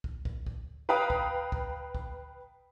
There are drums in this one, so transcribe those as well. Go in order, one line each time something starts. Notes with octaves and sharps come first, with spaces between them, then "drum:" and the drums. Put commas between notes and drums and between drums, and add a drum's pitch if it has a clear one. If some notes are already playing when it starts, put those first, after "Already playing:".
drum: kick
drum: kick
drum: kick
B4 F5 G5 A#5 D#6
drum: kick
drum: kick
drum: kick